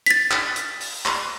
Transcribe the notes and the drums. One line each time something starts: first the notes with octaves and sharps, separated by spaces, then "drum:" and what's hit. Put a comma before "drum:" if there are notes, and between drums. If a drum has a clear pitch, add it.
A6 B6, drum: hi-hat
drum: clap
drum: hi-hat
drum: open hi-hat
drum: clap